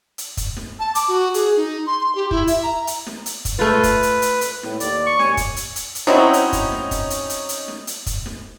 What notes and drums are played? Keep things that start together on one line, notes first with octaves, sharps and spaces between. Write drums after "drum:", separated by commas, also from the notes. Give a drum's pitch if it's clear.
drum: hi-hat
drum: kick, hi-hat
drum: snare
A5
D6, drum: hi-hat
F#4
G#4, drum: hi-hat
D#4
C6
C6
G4
E4, drum: kick
E5, drum: hi-hat
A#5
drum: hi-hat
drum: snare
drum: hi-hat
drum: kick, hi-hat
A3 F4 B4
drum: kick, hi-hat
drum: hi-hat
drum: hi-hat
drum: hi-hat
A2, drum: snare
D#2 D5, drum: hi-hat
C#6
D#2 C#5 G#5, drum: snare
drum: kick, hi-hat
drum: hi-hat
drum: hi-hat
drum: hi-hat
F#3 C4 C#4 D#4 E4
drum: hi-hat
drum: kick, hi-hat
drum: snare
drum: kick, hi-hat
drum: hi-hat
drum: hi-hat
drum: hi-hat
drum: snare
drum: hi-hat
drum: kick, hi-hat
drum: snare